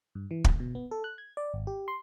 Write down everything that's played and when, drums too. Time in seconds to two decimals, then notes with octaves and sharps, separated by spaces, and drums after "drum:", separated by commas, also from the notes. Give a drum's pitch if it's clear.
0.15 G2
0.31 E3
0.44 D2, drum: kick
0.60 B2
0.75 B3
0.91 A4
1.04 F#6
1.18 G#6
1.37 D5
1.54 G#1
1.67 G4
1.88 C6